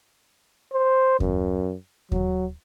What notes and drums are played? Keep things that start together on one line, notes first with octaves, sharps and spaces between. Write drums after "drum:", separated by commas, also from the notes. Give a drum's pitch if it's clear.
C5
F#2, drum: kick D#2
F#3, drum: kick D#2